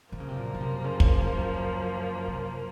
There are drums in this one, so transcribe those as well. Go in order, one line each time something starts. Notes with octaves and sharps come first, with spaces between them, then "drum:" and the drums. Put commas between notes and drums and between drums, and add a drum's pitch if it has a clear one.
F#2 D#3 F3 A#3 F4
C#3
C3
A#2
C#3
C3
C#3
drum: kick
C3